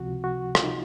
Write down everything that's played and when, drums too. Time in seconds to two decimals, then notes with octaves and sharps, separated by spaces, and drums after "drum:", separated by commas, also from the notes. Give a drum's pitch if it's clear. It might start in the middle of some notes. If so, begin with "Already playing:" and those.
Already playing: C#2 C3 F3 F#4
0.24 F#4
0.55 F4, drum: rim click
0.64 D#4